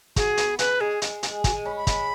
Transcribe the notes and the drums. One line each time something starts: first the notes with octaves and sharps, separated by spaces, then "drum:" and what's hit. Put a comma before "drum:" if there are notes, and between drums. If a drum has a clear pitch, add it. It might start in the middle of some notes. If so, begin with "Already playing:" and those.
F#4 G#4, drum: kick, hi-hat
B3, drum: hi-hat
C#3 B4, drum: hi-hat
G#3 G#4
G#3, drum: hi-hat
G#4, drum: hi-hat
G#3 F#4, drum: kick, hi-hat
G#5
C#4 B5
B5
G#3, drum: kick, hi-hat